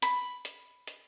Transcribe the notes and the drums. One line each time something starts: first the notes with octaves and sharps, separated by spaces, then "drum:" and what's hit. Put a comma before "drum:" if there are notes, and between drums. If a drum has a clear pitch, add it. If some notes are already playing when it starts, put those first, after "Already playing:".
B5, drum: hi-hat
drum: hi-hat
drum: hi-hat